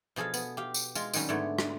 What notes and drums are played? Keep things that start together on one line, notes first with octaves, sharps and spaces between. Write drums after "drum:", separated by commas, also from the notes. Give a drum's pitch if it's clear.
B2 F3 G#4 A4 F5
B3, drum: tambourine
G4 F5
drum: tambourine
G#3 F4, drum: tambourine
D#3 F#3 G3 C#4 D#4, drum: tambourine
G#2 D3 A3 B3 C#5
drum: rim click